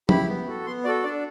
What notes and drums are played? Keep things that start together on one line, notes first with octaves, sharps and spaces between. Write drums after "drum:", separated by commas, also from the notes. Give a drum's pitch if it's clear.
E4 G4 B5, drum: tom F3
B3
F#4 A4
B3 C6
F#4 A4 D5
D4 D5